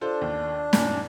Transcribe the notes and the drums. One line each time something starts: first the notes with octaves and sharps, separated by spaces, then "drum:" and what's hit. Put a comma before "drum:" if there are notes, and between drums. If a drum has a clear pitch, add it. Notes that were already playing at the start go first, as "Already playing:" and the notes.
D4 F4 A4 C5
D#2
F#2 A#2 D#3, drum: snare